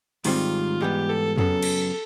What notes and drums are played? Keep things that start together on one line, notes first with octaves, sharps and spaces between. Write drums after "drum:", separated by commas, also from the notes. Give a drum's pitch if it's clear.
G#2 D#3 G3 C4 F4, drum: open hi-hat
G#2 E3 G3 B3 G4
A4
F#2 C#3 F#3 B3 A4, drum: tom F2
drum: cymbal